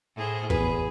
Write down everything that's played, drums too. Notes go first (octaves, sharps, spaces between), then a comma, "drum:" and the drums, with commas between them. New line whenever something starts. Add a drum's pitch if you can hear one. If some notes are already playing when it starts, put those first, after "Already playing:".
A2 G#4 C5
E2 G#4 B4, drum: kick